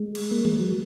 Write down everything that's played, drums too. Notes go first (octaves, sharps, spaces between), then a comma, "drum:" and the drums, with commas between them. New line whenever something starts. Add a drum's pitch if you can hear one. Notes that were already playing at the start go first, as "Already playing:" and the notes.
Already playing: G#3
drum: cymbal
A#3
G#3, drum: tom D#3
F#3